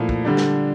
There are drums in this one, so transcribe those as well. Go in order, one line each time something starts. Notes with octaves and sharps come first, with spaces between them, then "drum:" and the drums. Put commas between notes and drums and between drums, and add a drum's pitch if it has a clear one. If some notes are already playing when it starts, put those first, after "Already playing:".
Already playing: A#2 F3 A3 E4
drum: kick
D3 G3 D4
drum: snare